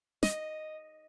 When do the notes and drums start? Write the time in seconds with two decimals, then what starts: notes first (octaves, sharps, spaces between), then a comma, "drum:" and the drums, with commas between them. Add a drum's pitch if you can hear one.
0.23 D#5, drum: snare